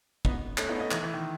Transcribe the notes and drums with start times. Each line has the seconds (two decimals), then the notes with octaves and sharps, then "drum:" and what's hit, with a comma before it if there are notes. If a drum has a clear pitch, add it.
0.25 B3 D#4, drum: kick
0.58 A3 C#4, drum: clap
0.69 B3 D#4
0.80 B3 D#4
0.91 E3, drum: clap
1.03 E3
1.14 D#3